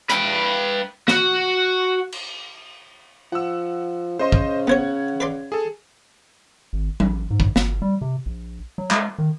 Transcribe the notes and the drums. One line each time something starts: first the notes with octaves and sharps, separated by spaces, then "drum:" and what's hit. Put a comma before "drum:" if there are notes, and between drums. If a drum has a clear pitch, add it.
B4 G5, drum: hi-hat
F#4, drum: snare
drum: cymbal
F3 F#5 E6
C#3 C5 D#5 C6
drum: kick
B3 C5 C#5 F#5 G#6
B4 D5 C6
G#4 A4
G#1
A1, drum: tom F#3
G#2
drum: kick
G1, drum: snare
G3
C3
A#1
F#3
G#3, drum: clap
D#3